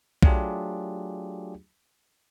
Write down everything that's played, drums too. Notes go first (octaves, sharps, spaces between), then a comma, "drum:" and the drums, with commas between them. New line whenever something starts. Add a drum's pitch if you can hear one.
F#3 A3 D4 F4 G4 G#4, drum: kick B1